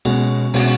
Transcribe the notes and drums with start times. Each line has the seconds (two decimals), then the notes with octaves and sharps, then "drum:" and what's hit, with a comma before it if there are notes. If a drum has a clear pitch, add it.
0.05 B2 G#3 C#4 F#4, drum: cymbal
0.54 B2 G#3 C#4 F#4, drum: open hi-hat